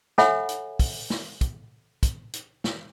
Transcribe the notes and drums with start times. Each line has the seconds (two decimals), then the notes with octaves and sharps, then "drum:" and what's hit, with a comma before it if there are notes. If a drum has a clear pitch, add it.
0.18 A4 C#5 E5 F#5 G#5 B5, drum: snare
0.49 drum: hi-hat
0.79 drum: kick, open hi-hat
1.10 drum: snare
1.41 drum: kick, hi-hat
2.03 drum: kick, hi-hat
2.33 drum: hi-hat
2.64 drum: snare